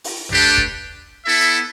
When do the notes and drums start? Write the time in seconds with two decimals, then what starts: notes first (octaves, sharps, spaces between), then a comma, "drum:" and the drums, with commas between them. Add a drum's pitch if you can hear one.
0.04 drum: open hi-hat
0.29 A3 D4 G4 B4, drum: tom
0.58 drum: kick
1.24 B3 E4 A4 E5
1.40 drum: hi-hat